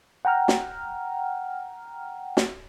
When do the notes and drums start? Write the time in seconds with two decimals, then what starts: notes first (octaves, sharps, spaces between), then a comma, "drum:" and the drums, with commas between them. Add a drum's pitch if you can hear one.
0.25 F#5 G5 A#5 F6
0.48 drum: snare
2.37 drum: snare